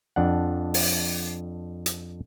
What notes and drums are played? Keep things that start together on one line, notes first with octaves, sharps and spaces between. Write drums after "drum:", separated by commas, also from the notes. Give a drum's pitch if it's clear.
F2 D4 F#5
drum: open hi-hat
drum: hi-hat